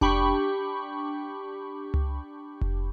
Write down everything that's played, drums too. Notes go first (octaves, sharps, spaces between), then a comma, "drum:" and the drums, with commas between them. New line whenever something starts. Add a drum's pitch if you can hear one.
D4 G4 G5 B5 C#6, drum: kick F1
drum: tom C#2
drum: kick F1